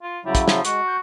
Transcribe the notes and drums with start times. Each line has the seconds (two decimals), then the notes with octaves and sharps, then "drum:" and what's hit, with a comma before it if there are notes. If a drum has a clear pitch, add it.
0.02 F4
0.25 C#3 F#3 G3 E4
0.35 drum: kick, hi-hat
0.48 F3, drum: snare
0.65 G#3 F#4, drum: hi-hat
0.88 C#6 G6